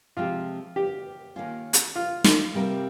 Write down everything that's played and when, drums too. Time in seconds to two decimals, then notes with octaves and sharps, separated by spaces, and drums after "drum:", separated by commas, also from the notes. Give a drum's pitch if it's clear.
0.17 C3 F3 G#3 C4 F4 G4
0.76 G4
1.36 D#3 A#3 C#4 F4
1.73 drum: hi-hat
1.95 F4
2.24 drum: snare
2.54 C3 G3 C4 F4 A#4